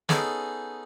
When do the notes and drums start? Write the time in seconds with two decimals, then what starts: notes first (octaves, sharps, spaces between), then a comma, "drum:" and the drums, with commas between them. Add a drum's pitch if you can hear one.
0.09 B3 C#4 D#4 G#4 A4, drum: snare